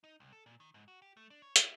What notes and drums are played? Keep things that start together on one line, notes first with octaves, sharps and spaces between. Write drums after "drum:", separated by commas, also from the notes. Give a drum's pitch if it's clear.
D#4
C2
A4
A#2
D#3
G#2
F#4
G4
A3
D4
C#5
E4, drum: hi-hat